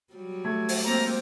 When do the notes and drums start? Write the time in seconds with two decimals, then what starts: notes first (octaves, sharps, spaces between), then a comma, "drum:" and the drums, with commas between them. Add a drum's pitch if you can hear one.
0.13 F#3 G3
0.45 A3 G#6
0.69 drum: open hi-hat
0.83 G#3 A#3 C4 A#5